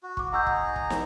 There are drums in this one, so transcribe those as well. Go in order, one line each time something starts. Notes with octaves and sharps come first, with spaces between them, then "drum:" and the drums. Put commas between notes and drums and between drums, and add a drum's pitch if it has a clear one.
F#4
C#6 D6, drum: kick
D#4 G#4 F#5 A#5 E6 G6
drum: kick
drum: kick
drum: snare